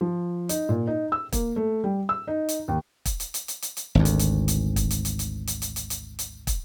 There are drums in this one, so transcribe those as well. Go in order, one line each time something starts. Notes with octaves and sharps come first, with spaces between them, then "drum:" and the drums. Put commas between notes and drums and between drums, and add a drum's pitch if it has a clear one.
F3
D#4, drum: hi-hat
A#2
D#4
E6
A#3, drum: kick, hi-hat
A3
G3
E6
D#4
drum: hi-hat
D#2
drum: kick, hi-hat
drum: hi-hat
drum: hi-hat
drum: hi-hat
drum: hi-hat
drum: hi-hat
G#1 D2
drum: hi-hat
drum: hi-hat
drum: hi-hat
drum: kick, hi-hat
drum: hi-hat
drum: hi-hat
drum: hi-hat
drum: hi-hat
drum: hi-hat
drum: hi-hat
drum: hi-hat
drum: hi-hat
drum: kick, hi-hat